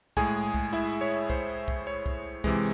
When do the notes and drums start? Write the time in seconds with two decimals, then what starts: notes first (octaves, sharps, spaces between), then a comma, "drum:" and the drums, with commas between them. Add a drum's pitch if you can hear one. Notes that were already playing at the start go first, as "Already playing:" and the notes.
0.17 A2 G#3 G#4 G#5, drum: kick C2
0.54 drum: kick C2
0.73 E4 E5
1.01 C#5
1.30 C5, drum: kick C2
1.68 drum: kick C2
1.87 C#5
2.06 drum: kick C2
2.44 C3 E3 G#3, drum: kick C2